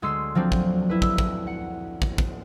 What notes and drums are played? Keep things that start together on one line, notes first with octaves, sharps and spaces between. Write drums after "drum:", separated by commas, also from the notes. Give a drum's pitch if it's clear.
D2 G#3 C6 E6 C7
F3 F#3 C4 D4
drum: kick
E4 B4
E6, drum: kick
drum: kick
F#5
drum: kick
drum: kick